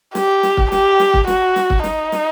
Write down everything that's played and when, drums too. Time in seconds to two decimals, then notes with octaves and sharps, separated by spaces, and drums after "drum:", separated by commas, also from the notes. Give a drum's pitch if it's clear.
0.15 G4, drum: snare
0.43 drum: snare
0.57 drum: kick
0.72 G4, drum: snare
1.00 drum: snare
1.14 drum: kick
1.27 F#4, drum: snare
1.56 drum: snare
1.70 drum: kick
1.84 D#4, drum: snare
2.12 drum: snare